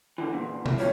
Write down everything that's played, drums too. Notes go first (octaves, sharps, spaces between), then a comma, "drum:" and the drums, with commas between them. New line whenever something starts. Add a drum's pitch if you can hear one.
D2 D3 E3
E2 A#2
A2, drum: tom
G2 E3 F3 C#5